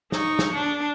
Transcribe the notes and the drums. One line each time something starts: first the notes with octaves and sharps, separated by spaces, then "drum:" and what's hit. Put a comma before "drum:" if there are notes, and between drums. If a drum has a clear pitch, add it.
D#4 C#6, drum: snare
drum: snare
D4